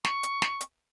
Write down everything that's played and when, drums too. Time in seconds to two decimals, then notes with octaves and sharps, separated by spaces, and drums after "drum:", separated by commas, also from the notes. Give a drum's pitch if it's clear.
0.05 C#6, drum: snare
0.23 drum: hi-hat
0.42 drum: snare
0.61 drum: hi-hat